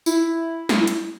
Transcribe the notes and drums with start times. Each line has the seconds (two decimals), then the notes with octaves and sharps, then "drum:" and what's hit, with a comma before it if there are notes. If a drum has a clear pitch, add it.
0.06 E4, drum: tambourine
0.69 drum: snare
0.87 drum: hi-hat